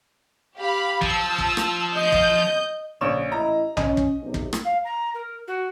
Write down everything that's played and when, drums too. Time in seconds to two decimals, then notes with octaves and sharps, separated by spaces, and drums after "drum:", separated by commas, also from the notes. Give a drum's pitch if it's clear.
0.56 G4 F5 B5
1.01 F3 A5 E6, drum: kick
1.38 drum: kick
1.57 drum: rim click
1.94 D#5 G6
2.12 drum: kick
3.01 A#1 C#3 C#5 E7
3.32 A1 E4 D#5 A#5
3.77 C#4 D#5, drum: tom B1
3.97 drum: kick
4.21 B1 C3
4.34 drum: kick
4.53 drum: rim click
4.65 F5
4.85 A#5
5.15 A#4
5.48 F#4